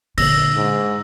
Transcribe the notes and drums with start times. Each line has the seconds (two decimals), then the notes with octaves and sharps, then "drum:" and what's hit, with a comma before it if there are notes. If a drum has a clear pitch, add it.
0.18 A#2 D3 E6 A#6, drum: cymbal
0.56 G#2